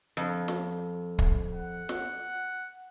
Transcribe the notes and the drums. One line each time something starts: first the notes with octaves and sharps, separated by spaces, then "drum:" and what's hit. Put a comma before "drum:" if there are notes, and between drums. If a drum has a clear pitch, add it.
F2
drum: snare
drum: kick
F#5
drum: snare